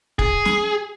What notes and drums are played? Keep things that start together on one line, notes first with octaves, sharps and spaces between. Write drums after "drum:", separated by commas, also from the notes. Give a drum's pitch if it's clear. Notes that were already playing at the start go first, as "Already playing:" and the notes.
G#4, drum: kick
drum: snare